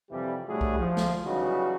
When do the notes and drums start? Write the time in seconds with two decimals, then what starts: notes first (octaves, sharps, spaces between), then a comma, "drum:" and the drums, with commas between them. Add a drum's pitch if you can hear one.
0.10 F2 C3 E3 G3
0.48 A2 G3 A3 D4 F#4 G#4
0.61 drum: kick C2
0.79 F3
0.97 drum: snare
1.25 C#3 E3 F#3 G3 D#4 F#4